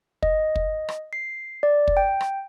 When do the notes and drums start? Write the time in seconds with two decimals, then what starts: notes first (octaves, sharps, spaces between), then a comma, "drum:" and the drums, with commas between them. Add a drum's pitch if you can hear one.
0.23 D#5, drum: kick
0.56 drum: kick
0.89 drum: rim click
1.13 C7
1.63 D5
1.88 drum: kick
1.97 G5
2.21 drum: rim click